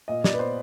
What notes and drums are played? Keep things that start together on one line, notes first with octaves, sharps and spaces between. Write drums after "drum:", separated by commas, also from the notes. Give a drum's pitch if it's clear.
A#2 D#5
D5, drum: snare
B4
B3 C5